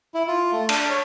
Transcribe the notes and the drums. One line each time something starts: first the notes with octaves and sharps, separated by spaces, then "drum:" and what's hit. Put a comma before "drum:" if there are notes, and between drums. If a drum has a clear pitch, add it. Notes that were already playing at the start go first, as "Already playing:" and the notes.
E4
F4
A3
D4, drum: cymbal
C#5